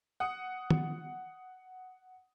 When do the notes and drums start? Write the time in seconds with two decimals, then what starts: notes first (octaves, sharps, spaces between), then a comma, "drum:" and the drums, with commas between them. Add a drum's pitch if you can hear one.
0.20 F#5 D#6
0.70 drum: tom D#3